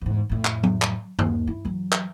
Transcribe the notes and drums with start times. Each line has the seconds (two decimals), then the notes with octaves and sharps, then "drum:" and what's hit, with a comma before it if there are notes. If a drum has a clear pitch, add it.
0.01 E2 G#2
0.29 F2 A2
0.45 drum: clap
0.63 drum: tom F#3
0.82 drum: clap
1.19 D#2, drum: tom G2
1.47 E4
1.65 E3 F#3
1.92 drum: clap